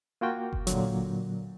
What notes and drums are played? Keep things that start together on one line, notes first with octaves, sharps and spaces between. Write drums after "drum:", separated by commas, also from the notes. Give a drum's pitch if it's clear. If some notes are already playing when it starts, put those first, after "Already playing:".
A#3 F4 F#4 G5
drum: kick F#1
A#2 D3 F#3, drum: hi-hat